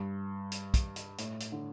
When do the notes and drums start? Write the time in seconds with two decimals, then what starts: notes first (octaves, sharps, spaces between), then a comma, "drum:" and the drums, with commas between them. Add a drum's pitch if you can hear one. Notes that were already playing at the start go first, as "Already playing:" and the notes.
Already playing: G2
0.52 drum: hi-hat
0.74 drum: kick, hi-hat
0.96 drum: hi-hat
1.18 A2, drum: hi-hat
1.40 drum: hi-hat
1.52 D3